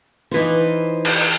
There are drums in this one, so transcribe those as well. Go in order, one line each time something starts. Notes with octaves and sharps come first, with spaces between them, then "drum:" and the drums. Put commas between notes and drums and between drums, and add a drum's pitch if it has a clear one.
E3 F3 D#4 B4 C5
drum: cymbal